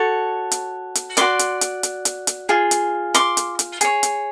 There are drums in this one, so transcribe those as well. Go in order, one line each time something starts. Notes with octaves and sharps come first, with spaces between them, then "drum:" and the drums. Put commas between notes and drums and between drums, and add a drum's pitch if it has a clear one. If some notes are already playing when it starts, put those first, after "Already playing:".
Already playing: F#4 A4 C#5
drum: hi-hat
drum: hi-hat
F#4 B4 D5 C6 D6, drum: hi-hat
drum: hi-hat
drum: hi-hat
drum: hi-hat
drum: hi-hat
drum: hi-hat
F4 G#4
drum: hi-hat
C6 D6, drum: hi-hat
drum: hi-hat
drum: hi-hat
G#4 C#5, drum: hi-hat
drum: hi-hat